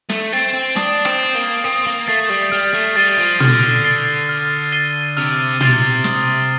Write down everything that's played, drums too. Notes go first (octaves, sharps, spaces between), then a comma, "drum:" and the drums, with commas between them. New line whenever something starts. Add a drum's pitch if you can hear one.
A3, drum: snare
C4 A6 C7
C4
D4 D#6, drum: snare
C4, drum: rim click
A6 C7
A#3
C4 D#6
A#3
A3 A6 C7
G3
G3 F6
A3
G3 A6 C7 D#7 G7
F3
D3 F6, drum: tom
A6 C7 D#7 G7
F6
A6 C7 D#7 G7
C3 F6
C3 A6 C7 D#7 G7, drum: tom
D#6, drum: snare